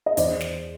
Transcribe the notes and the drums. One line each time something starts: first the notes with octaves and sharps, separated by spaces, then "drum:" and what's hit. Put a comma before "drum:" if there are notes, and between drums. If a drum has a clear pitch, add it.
D#5
E2 C5 D5, drum: hi-hat
drum: snare